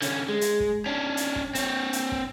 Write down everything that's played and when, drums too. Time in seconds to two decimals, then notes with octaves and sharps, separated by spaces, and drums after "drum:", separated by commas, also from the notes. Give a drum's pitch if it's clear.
0.02 D3 C#4, drum: hi-hat
0.29 G#3
0.41 drum: hi-hat
0.60 drum: kick
0.86 C#4 D4
1.17 drum: hi-hat
1.36 drum: kick
1.55 C4 C#5, drum: hi-hat
1.93 drum: hi-hat
2.12 drum: kick